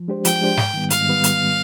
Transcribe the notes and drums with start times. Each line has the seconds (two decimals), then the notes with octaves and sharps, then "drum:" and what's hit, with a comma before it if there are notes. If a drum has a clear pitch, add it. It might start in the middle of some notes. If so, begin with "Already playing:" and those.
Already playing: F3
0.08 G#3 D4 G4 C5
0.25 F3 G5, drum: hi-hat
0.41 G#3 D4 G4 C5
0.57 G#2, drum: snare
0.74 D#3 G3 B3
0.90 G#2 F5, drum: hi-hat
1.08 D#3 G3 B3
1.24 drum: hi-hat